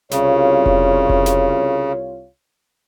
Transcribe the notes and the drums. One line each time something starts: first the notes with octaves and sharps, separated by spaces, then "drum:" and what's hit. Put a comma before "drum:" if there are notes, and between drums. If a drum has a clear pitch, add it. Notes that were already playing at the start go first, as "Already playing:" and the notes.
C2 C#3 F4 C#5, drum: snare
drum: kick F1
drum: kick F1
drum: snare